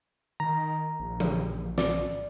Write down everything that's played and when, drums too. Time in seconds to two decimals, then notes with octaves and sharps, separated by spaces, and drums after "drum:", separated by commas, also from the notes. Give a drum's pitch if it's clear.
0.40 D#3 A#5
1.00 A#1
1.20 drum: tom E3
1.78 D5, drum: snare